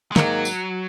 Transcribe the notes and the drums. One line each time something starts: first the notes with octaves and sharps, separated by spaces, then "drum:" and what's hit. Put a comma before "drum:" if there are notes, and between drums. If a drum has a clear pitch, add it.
G#3
G#2 D#3 F#3 A#3, drum: snare
drum: tambourine